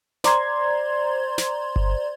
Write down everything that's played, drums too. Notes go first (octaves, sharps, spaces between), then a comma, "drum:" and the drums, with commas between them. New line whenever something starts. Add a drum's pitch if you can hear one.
C5 D5 A#5 C6 G#6, drum: snare
drum: snare
drum: kick G1